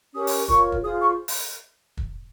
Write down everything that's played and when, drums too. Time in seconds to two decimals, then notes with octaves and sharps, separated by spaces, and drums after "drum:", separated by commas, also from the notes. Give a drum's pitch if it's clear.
0.14 C#4 G4 A#4 C#5 D#6
0.27 drum: open hi-hat
0.48 F4 A#4 C#5 C#6, drum: kick
0.72 drum: kick
0.83 F4 G#4 C5 D#6
1.00 C#6
1.28 drum: open hi-hat
1.97 drum: kick